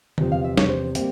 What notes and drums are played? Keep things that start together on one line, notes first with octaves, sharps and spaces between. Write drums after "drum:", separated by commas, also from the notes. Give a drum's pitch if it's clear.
E2 C3 F3 C4, drum: tom D3
F5
E5
C#5, drum: snare
C5
G3 A#3 C4, drum: hi-hat